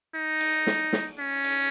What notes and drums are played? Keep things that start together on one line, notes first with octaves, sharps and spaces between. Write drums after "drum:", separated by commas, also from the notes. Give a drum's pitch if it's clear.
D#4
drum: cymbal
drum: snare
drum: snare
C#4
drum: cymbal